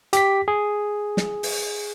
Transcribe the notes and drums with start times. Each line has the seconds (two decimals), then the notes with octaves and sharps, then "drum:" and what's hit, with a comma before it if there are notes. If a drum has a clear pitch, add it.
0.13 G4 B6, drum: hi-hat
0.48 G#4
1.17 drum: snare
1.43 drum: open hi-hat